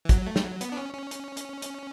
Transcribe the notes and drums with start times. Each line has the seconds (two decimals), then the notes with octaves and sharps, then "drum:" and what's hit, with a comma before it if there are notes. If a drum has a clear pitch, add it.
0.05 E3
0.09 F#3, drum: kick, hi-hat
0.27 A3
0.36 G3, drum: snare
0.43 F#3
0.61 B3, drum: hi-hat
0.72 D4
0.77 C#4
0.94 C#4
1.11 drum: hi-hat
1.37 drum: hi-hat
1.62 drum: hi-hat